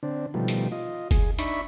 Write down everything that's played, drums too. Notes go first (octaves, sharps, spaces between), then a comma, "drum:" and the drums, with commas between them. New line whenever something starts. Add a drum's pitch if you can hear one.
D3 C4 D4
B2 D#3 F3 G3 A3
drum: hi-hat
F4 D#5
G#4, drum: kick F#1, hi-hat
D4 D#4 E5 B5 C#6, drum: hi-hat